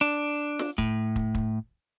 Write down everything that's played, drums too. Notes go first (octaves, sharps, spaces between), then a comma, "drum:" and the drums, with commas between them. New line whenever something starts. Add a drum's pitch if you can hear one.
D4
drum: snare
A2, drum: kick
drum: kick
drum: kick